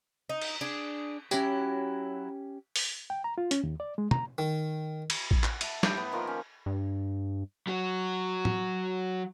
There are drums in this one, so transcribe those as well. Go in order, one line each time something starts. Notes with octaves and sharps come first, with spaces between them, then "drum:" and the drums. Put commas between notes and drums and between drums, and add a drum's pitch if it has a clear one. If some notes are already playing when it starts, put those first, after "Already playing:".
D#4
drum: cymbal
D4 G#4
F#3 C#4 E4 G4, drum: tambourine
drum: open hi-hat
G5
A#5
F4
C#4, drum: hi-hat
D#2
D5
G#3
A#5, drum: tom
D#3
drum: cymbal
drum: kick A1
F#5, drum: clap
E5 A5, drum: cymbal
A2 G5 B5 D6, drum: snare
B3
D#3 F3 A#3
C#4
G2
F#3 F#4
drum: tom